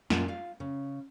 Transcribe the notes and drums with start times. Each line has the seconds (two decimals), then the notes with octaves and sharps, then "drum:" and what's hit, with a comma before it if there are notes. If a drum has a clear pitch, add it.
0.10 F#2 A#2 F4 E5 F#5 A5, drum: snare
0.28 F4 F5
0.60 C#3